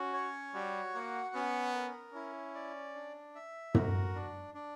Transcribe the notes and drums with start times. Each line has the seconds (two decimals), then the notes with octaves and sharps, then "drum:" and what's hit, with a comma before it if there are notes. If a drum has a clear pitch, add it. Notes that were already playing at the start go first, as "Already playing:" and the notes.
Already playing: C#4 F#4
0.13 C#5
0.54 G3 F#4
0.94 A#3 F#5
1.35 B3 C#4
1.74 A#4
2.14 C#4 E4
2.55 D5
2.95 D4
3.35 E5
3.75 F#4 A#4, drum: tom
4.15 D4
4.55 D4